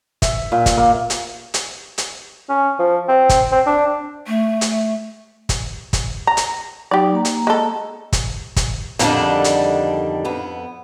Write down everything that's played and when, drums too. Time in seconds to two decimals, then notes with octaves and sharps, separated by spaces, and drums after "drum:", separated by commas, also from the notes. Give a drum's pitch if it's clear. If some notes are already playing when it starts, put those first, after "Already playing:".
0.22 E5, drum: kick, hi-hat
0.52 A#2
0.66 drum: kick, hi-hat
0.77 A#3
1.10 drum: hi-hat
1.54 drum: hi-hat
1.98 drum: hi-hat
2.49 C#4
2.79 F3
3.08 C4
3.29 drum: kick, hi-hat
3.52 C4
3.66 D4
4.27 A3
4.61 drum: hi-hat
5.49 drum: kick, hi-hat
5.93 drum: kick, hi-hat
6.27 A#5
6.37 drum: hi-hat
6.91 F#3 D#4 G4 D5
7.13 A#3 A#5
7.25 drum: hi-hat
7.47 G#3 A4
8.13 drum: kick, hi-hat
8.56 drum: kick, hi-hat
8.99 F2 G#2 D3 D#3 G3 D4, drum: hi-hat
9.44 drum: hi-hat
10.25 F2 B3